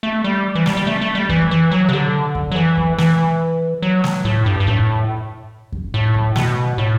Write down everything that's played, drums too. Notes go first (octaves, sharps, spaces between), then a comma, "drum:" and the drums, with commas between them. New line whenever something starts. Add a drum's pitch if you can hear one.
A3
G3
E3
G3, drum: snare
G3
A3
A3
G3
E3, drum: kick F2
E3
F#3
C3
D3
drum: kick F2
F#3
E3
drum: kick F2
E3, drum: snare
F#3
drum: snare
A2
G2
G2
A2, drum: kick F2
drum: kick F2
A2
drum: kick F2
B2, drum: snare
A2